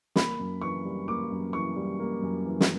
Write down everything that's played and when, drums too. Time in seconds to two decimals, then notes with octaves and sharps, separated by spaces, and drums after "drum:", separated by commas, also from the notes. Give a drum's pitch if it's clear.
0.16 A#3 B5, drum: snare
0.40 F#2
0.62 E3 C#6
0.85 G3
1.08 A#3 D6
1.31 F#2
1.53 E3 C#6
1.76 G3
2.00 A#3
2.22 F#2
2.45 E3
2.61 drum: snare